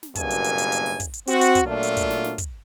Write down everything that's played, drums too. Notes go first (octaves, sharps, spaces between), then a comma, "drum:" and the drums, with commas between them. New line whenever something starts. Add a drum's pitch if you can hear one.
drum: snare
F#1 G2 B2 A#3 G#5, drum: kick, hi-hat
drum: hi-hat
drum: hi-hat
drum: hi-hat
drum: hi-hat
drum: open hi-hat
drum: kick, hi-hat
drum: hi-hat
C4 F#4, drum: hi-hat
drum: hi-hat
drum: kick, hi-hat
A#2 F#3 A3 D4 F4
drum: hi-hat
drum: kick, hi-hat
drum: snare
drum: snare
drum: kick, hi-hat